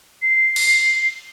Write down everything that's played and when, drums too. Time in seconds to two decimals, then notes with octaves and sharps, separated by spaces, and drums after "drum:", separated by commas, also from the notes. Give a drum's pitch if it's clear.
0.22 C7
0.56 drum: cymbal